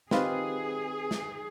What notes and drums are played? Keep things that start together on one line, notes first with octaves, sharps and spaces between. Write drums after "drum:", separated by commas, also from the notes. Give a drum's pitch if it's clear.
D#3 C4 F4 G4 G#4 B4 F#6, drum: snare
drum: snare